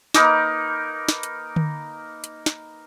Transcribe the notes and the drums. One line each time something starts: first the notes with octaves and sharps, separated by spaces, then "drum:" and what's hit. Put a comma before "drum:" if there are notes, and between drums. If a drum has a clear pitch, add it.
A#3 D#4 A#4 B4, drum: snare
drum: snare
drum: hi-hat
drum: tom D3
drum: hi-hat
drum: snare